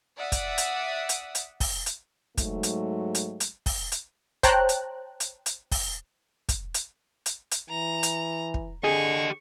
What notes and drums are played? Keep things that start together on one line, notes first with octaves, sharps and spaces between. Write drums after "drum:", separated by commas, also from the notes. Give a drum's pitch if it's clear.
D5 E5 F#5 D#6
drum: kick, hi-hat
drum: hi-hat
drum: hi-hat
drum: hi-hat
drum: kick, open hi-hat
drum: hi-hat
G#2 F#3 G#3 A3, drum: kick, hi-hat
drum: hi-hat
drum: hi-hat
drum: hi-hat
drum: kick, open hi-hat
drum: hi-hat
C5 C#5 G5 A5 A#5 F#6, drum: kick, hi-hat
drum: hi-hat
drum: hi-hat
drum: hi-hat
drum: kick, open hi-hat
drum: kick, hi-hat
drum: hi-hat
drum: hi-hat
drum: hi-hat
E3 A#5
drum: hi-hat
drum: kick
D3 G4 G#4 D#5 C#6